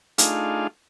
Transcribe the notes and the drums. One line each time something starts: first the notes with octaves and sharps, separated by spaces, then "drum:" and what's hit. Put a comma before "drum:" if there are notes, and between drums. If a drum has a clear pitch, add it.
A3 D4 D#4 F4 G#4 F5, drum: hi-hat